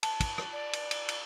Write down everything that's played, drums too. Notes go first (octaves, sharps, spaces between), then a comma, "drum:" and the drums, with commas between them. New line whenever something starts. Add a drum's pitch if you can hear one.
A5, drum: cymbal
drum: kick, cymbal
drum: rim click
D5
drum: cymbal
drum: cymbal
drum: cymbal